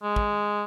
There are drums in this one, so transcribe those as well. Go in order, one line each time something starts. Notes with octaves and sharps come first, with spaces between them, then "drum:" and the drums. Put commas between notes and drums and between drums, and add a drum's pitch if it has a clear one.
G#3
drum: kick